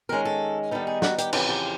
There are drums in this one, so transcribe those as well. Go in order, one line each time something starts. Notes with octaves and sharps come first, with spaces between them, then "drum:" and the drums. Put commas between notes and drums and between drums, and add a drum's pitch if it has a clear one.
D#3 G#3 C#4 A#4
A4
D#3 G3 B3 D#4 A4
G#4
F#4, drum: snare
G4, drum: hi-hat
F2 C#3 E3 G4, drum: cymbal
G4